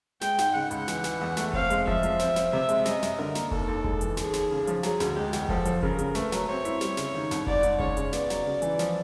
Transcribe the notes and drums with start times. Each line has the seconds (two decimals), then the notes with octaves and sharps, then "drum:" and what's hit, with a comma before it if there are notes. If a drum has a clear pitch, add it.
0.21 G#3 G5, drum: snare
0.38 G#2, drum: snare
0.55 C#3 F#5
0.71 C#2, drum: hi-hat
0.88 E3, drum: snare
1.04 E3, drum: snare
1.21 E2
1.37 A3, drum: snare
1.53 C4 F5, drum: kick F1
1.70 G#3, drum: hi-hat
1.87 F3 E5, drum: kick F1
2.03 F3, drum: hi-hat
2.19 C4, drum: snare
2.36 C4, drum: snare
2.53 C3 E5
2.69 G#3, drum: hi-hat
2.85 F#2 D#5, drum: snare
3.03 F#2, drum: snare
3.18 D3 A#4
3.35 A#3, drum: snare
3.51 D#2 A4, drum: kick F1
3.68 D#2
3.84 G#3, drum: kick F1
4.01 E3, drum: hi-hat
4.17 D#2 G#4, drum: snare
4.33 D#2, drum: snare
4.51 C#3
4.67 F3, drum: hi-hat
4.83 F#3 G#4, drum: snare
5.00 D2, drum: snare
5.16 G#3 G4
5.33 E2, drum: snare
5.49 F3 A4, drum: kick F1
5.65 F3, drum: hi-hat
5.83 C#3 A#4, drum: kick F1
5.99 C#3, drum: hi-hat
6.15 A3 B4, drum: snare
6.32 F#3, drum: snare
6.48 C4 C#5
6.65 E4, drum: hi-hat
6.81 G3, drum: snare
6.97 C#3, drum: snare
7.14 D#3
7.31 C2, drum: snare
7.47 G#2 D5, drum: kick F1
7.63 G#2, drum: hi-hat
7.80 C#3 C#5, drum: kick F1
7.97 C#3, drum: hi-hat
8.13 B3 D5, drum: snare
8.30 F#3, drum: snare
8.46 C#3
8.62 E3, drum: hi-hat
8.79 F3, drum: snare